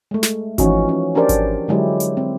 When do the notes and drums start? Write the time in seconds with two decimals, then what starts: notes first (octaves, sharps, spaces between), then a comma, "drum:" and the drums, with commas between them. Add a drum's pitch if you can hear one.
0.11 G#3 A3
0.23 drum: snare
0.58 E3 F3 C#4 D#4 F#4, drum: kick G#1, hi-hat
0.89 C#4
1.15 C#4 D4 G4 A#4 C5 D5
1.29 drum: kick G#1, hi-hat
1.68 D3 F#3 G#3 E4 G4
2.00 drum: hi-hat
2.17 C4